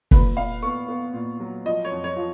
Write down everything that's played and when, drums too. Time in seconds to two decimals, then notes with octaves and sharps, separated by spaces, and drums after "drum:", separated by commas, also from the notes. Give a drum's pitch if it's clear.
0.11 A#2 B4, drum: kick
0.37 A#2 F5
0.62 B3 C#6
0.88 B3
1.13 A#2
1.40 F#3
1.66 F3 D#5
1.85 C#5
1.92 F2
2.04 C#5
2.16 F3